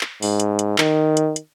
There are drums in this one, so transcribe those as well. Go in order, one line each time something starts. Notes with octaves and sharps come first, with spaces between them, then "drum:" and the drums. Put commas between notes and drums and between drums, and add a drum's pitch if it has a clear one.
drum: clap
G#2, drum: open hi-hat
drum: hi-hat
drum: hi-hat
D#3, drum: clap
drum: hi-hat
drum: hi-hat